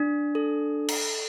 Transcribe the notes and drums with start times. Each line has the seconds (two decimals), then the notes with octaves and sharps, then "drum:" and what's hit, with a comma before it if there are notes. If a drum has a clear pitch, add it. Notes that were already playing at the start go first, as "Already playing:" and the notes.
Already playing: D4
0.35 A4
0.88 drum: cymbal